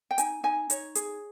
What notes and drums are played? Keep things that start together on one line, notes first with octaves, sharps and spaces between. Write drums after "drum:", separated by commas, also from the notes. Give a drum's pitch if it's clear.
G5
D#4 G#5, drum: hi-hat
D#4 G#5
D#4 C#5, drum: hi-hat
G#4, drum: hi-hat